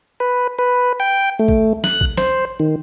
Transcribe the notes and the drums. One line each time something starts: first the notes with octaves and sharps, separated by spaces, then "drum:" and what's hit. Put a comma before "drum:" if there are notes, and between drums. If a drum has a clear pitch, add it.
B4
B4
G5
A3
drum: kick
F#6, drum: snare
drum: kick
C5, drum: snare
D#3